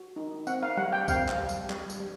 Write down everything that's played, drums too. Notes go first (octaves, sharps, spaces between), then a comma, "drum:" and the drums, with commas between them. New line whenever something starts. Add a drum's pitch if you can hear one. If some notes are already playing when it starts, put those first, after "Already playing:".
Already playing: F#4
D#4
C4 F#5, drum: tambourine
F5
G3 F#5
G5
C4 F5, drum: kick B1, tambourine
drum: clap
G3
drum: tambourine
G3, drum: clap
drum: tambourine
G3